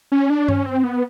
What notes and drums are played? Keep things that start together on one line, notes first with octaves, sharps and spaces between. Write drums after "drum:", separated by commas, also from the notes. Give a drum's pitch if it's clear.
C#4
D4
C#4, drum: tom G2
C4
B3